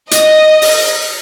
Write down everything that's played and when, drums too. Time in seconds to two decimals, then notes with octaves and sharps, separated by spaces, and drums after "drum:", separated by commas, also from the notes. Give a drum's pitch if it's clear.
0.11 D#5, drum: hi-hat
0.62 drum: open hi-hat